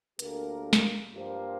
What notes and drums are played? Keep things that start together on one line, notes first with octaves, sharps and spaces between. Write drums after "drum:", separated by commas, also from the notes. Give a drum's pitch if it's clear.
D2 D3 A#3 G4 A#4, drum: hi-hat
drum: snare
G2 F3 A#3 G4 C5